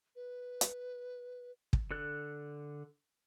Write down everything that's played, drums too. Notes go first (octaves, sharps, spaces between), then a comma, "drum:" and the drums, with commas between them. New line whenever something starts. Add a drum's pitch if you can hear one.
B4
drum: hi-hat
drum: kick
D3 A4 F#6